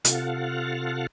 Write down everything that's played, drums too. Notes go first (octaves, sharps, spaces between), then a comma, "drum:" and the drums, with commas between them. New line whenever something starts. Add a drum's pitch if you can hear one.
C3 F4 A4 F5 F#5, drum: hi-hat